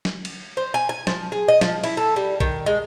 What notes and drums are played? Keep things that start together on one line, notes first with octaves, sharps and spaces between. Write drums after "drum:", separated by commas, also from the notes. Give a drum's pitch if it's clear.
drum: snare
drum: cymbal
C5
G#5
G#5
F3, drum: snare
G#4
D#5
F3, drum: snare
E4, drum: cymbal
A4
G3
D#3, drum: kick
G#3